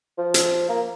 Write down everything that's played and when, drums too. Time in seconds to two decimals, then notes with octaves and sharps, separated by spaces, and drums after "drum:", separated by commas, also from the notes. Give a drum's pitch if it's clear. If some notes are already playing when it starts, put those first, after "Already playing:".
0.18 F3
0.34 drum: hi-hat
0.69 A#3